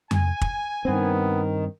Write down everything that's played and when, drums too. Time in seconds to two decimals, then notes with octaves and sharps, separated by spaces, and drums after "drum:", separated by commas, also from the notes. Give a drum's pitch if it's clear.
0.11 G#5, drum: tom F2
0.41 drum: kick
0.85 G2 D#3 B3 C4